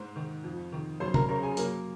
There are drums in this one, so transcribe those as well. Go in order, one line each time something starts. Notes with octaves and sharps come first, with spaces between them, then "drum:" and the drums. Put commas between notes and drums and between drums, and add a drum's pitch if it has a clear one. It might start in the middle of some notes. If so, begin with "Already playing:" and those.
Already playing: G#2 C5
D#3
F2
D#3
F#2 C5 C6
A#4 A#5, drum: tom C3
C#3 A#4 A#5
G#4 G#5
F#2 A#3 A#4, drum: hi-hat